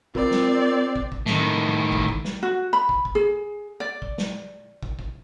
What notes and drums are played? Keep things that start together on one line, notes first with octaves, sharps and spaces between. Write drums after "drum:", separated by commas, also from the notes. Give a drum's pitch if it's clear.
C4 F4 A#4 D5, drum: kick
drum: snare
drum: kick
drum: kick
A2 D#3, drum: snare
drum: kick
drum: kick
drum: snare
F#4
B5
drum: kick
drum: kick
G#4
D5
drum: kick
drum: snare
drum: kick
drum: kick